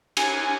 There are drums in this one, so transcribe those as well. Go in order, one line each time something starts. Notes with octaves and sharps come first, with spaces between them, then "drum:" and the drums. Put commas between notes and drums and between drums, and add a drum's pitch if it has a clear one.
G#5, drum: cymbal